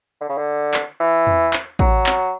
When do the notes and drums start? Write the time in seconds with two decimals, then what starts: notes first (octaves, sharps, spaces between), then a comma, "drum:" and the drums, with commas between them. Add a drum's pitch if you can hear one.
0.21 D3
0.29 C#3
0.37 D3
0.74 drum: clap
1.00 E3
1.27 drum: tom E2
1.53 drum: clap
1.79 F#3, drum: kick A1
2.06 drum: clap